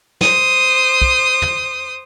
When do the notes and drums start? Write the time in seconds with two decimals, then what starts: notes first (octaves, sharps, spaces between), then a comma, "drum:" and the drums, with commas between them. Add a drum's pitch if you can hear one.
0.21 C5 D#6, drum: snare
1.02 drum: kick
1.42 drum: tom